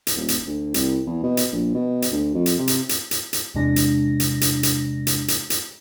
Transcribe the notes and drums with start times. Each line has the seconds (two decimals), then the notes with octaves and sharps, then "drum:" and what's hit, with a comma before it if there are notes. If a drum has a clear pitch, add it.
0.07 drum: hi-hat
0.16 D#1
0.28 drum: hi-hat
0.46 D2
0.74 C2, drum: hi-hat
1.06 E2
1.23 B2
1.37 drum: hi-hat
1.52 A#1
1.74 B2
2.02 drum: hi-hat
2.12 D2
2.34 F2
2.46 drum: hi-hat
2.58 C3
2.68 drum: hi-hat
2.89 drum: hi-hat
3.11 drum: hi-hat
3.33 drum: hi-hat
3.54 E2 C3 G#3 D4 A#6
3.76 drum: hi-hat
4.20 drum: hi-hat
4.41 drum: hi-hat
4.63 drum: hi-hat
5.07 drum: hi-hat
5.28 drum: hi-hat
5.50 drum: hi-hat